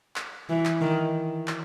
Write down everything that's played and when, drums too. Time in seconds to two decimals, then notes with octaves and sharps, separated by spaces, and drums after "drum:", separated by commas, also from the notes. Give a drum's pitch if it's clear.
0.16 drum: clap
0.49 E3
0.65 drum: clap
0.81 D#3
1.47 drum: clap